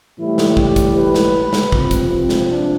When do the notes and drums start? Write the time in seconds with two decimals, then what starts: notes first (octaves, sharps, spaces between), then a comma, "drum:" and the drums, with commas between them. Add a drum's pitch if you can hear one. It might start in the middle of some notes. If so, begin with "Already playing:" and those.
0.19 A2 E3 G3 E4
0.38 drum: snare
0.57 G4, drum: kick
0.76 drum: kick, hi-hat
0.95 B4
1.14 drum: snare
1.53 drum: snare
1.72 C3 F3 C4, drum: kick
1.91 drum: kick, hi-hat
2.10 C4
2.29 drum: snare
2.48 D4